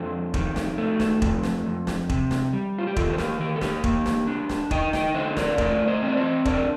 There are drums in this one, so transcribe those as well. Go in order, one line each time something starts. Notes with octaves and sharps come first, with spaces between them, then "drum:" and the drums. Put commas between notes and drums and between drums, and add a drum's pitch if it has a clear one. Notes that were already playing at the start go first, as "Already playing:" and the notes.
Already playing: F2 D4 A4 C5
D#3, drum: kick E1
drum: snare
A3
drum: snare
F2, drum: kick E1
drum: snare
F2
drum: snare
C3, drum: kick E1
drum: snare
G3
F4
G4
D#3 F4 A4, drum: kick E1
C5
G4 A#4, drum: snare
D#3 G4 A#4
A4
G4 A#4, drum: snare
A#3, drum: kick E1
drum: snare
D4
drum: snare
D#4 D#5 G5, drum: kick E1
D#5 G5, drum: snare
D3 C5 D#5
A#4 D5, drum: snare
A3 A#4 D5, drum: kick E1
C5 D#5
C4 D5
C5 D#5
D4 A#4 D5, drum: kick E1
A#4